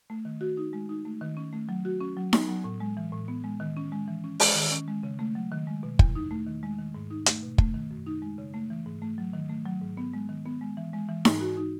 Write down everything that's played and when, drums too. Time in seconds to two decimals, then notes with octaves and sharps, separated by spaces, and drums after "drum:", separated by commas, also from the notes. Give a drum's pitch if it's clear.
0.10 A3
0.25 D#3
0.41 F#4
0.57 D#4
0.73 G#3
0.89 D#4
1.05 A3
1.21 D#3
1.37 C#4
1.53 A3
1.69 F#3
1.85 F#4
2.01 C#4
2.17 F#3
2.33 B3, drum: snare D#4
2.48 F#3
2.64 A2
2.80 G#3
2.97 E3
3.13 A2
3.28 B3
3.44 G#3
3.60 D#3
3.77 C#4
3.92 G#3
4.08 E3
4.24 C#4
4.40 G#3, drum: open hi-hat
4.55 D#3
4.71 C#4
4.88 G#3
5.03 C#3
5.19 A3
5.35 F#3
5.52 D#3
5.67 G#3
5.83 B2
5.99 E2, drum: kick
6.15 D#4
6.31 A3
6.47 D#3
6.63 G#3
6.79 D#3
6.95 G#2
7.10 D#4
7.26 A3, drum: hi-hat
7.43 B2
7.58 A3, drum: kick
7.74 D#3
7.91 F#2
8.06 D#4
8.22 G#3
8.38 C#3
8.54 A3
8.70 E3
8.86 G#2
9.02 A3
9.18 F#3
9.33 D#3
9.49 A3
9.65 F#3
9.82 G#2
9.97 B3
10.14 G#3
10.29 D#3
10.45 B3
10.61 G#3
10.77 E3
10.93 G#3
11.09 E3
11.25 G#2, drum: snare D#4
11.41 F#4
11.57 D#4